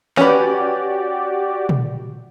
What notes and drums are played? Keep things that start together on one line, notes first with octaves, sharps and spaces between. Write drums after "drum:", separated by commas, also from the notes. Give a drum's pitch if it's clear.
C#4 F#4 G4 B4 D5, drum: snare
drum: tom